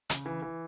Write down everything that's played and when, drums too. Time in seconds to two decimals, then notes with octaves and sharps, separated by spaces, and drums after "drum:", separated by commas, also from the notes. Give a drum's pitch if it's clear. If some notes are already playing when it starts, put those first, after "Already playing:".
0.10 C#3, drum: hi-hat
0.26 E3
0.42 E3